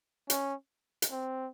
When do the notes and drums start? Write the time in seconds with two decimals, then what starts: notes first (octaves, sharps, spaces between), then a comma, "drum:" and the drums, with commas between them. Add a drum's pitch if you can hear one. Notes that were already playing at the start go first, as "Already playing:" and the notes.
0.30 C#4, drum: hi-hat
1.02 drum: hi-hat
1.11 C4